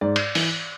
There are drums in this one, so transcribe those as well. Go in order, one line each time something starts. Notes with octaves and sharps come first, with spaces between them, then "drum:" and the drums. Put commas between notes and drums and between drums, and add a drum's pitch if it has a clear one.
G#2 D5
drum: cymbal
E3, drum: open hi-hat